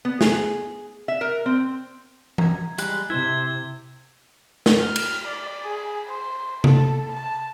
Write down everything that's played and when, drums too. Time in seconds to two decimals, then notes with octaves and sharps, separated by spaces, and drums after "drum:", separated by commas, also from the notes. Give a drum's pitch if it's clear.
0.05 B3
0.21 G#4, drum: snare
1.08 E5
1.21 A#4
1.46 C4
2.38 A#5 G#6, drum: tom E3
2.78 G3 G#3 F#6, drum: hi-hat
3.10 C3 E4 C5 E5 G#6
4.66 drum: snare
4.81 F6
4.96 drum: cymbal
5.28 D5
5.63 G#4
6.08 C5
6.64 A4, drum: tom C3
7.12 A5